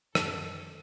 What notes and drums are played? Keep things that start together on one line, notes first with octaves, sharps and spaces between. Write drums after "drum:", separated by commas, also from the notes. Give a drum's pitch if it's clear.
F#2 D#3 F#3 A4, drum: rim click